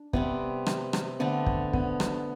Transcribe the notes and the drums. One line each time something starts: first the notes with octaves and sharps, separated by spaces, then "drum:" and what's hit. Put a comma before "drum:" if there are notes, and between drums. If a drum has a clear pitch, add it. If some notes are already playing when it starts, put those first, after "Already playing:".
Already playing: D4
C3 G3 B3 C4, drum: kick
drum: rim click
drum: rim click
D3 A3 B3 C4
drum: kick
B3, drum: kick
drum: rim click